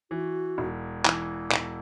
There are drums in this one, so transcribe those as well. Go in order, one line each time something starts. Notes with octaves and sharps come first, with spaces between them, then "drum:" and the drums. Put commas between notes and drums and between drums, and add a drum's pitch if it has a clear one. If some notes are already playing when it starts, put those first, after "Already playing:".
E3 F#4
E1
E3, drum: clap
E1, drum: clap